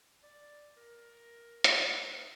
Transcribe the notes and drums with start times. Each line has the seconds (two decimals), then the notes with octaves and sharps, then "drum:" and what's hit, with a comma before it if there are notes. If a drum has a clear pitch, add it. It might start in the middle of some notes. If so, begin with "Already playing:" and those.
0.23 D5
0.77 A#4
1.64 drum: hi-hat
1.94 B4